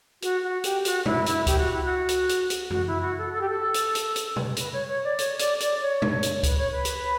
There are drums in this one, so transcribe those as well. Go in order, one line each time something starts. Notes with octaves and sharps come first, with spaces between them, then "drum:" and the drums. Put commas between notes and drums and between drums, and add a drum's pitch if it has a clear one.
F#4, drum: hi-hat
F#4
G4, drum: hi-hat
F#4, drum: hi-hat
E4, drum: tom
E4, drum: hi-hat
G4, drum: kick C#2, hi-hat
F#4
E4
F#4
drum: hi-hat
drum: hi-hat
drum: hi-hat
F#4, drum: tom F2
E4
F#4
A4
A4
G4
A4
drum: hi-hat
drum: hi-hat
drum: hi-hat
drum: tom B2
B4, drum: hi-hat
C#5
C#5
D5
C#5, drum: hi-hat
D5, drum: hi-hat
D5, drum: hi-hat
C#5
drum: tom
drum: hi-hat
B4, drum: kick C#2, hi-hat
C#5
B4
drum: hi-hat